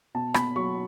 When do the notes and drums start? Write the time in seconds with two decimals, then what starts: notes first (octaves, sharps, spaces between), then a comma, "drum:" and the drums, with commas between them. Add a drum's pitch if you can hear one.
0.14 B2 A5
0.34 B2 B5, drum: rim click
0.56 F#3 C#6